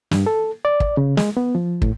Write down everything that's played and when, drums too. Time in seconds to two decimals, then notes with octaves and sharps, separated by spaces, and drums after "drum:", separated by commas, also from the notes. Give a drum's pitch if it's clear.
0.11 G2, drum: snare
0.26 A4
0.65 D5
0.80 drum: kick
0.97 C#3
1.17 G#3, drum: snare
1.37 B3
1.55 F3
1.82 A2, drum: kick